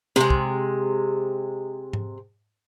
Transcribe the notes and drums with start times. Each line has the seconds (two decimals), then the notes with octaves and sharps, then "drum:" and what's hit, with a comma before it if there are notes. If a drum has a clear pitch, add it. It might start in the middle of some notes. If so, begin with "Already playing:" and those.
0.16 C3 G#3, drum: snare
0.30 drum: kick
1.93 drum: tom G#2